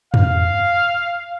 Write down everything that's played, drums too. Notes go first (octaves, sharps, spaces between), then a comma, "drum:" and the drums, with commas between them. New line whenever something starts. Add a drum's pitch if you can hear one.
F5, drum: tom